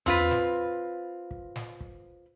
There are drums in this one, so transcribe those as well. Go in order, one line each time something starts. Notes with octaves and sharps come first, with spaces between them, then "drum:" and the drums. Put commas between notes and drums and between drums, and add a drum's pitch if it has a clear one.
C4 F4 B4, drum: tom E2
drum: snare
drum: kick
drum: snare
drum: kick